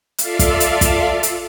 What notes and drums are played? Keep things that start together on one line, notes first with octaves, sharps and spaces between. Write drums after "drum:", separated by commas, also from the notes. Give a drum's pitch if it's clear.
F4 A4 D5 E5 F5, drum: hi-hat
drum: kick, hi-hat
drum: hi-hat
drum: kick, hi-hat
drum: hi-hat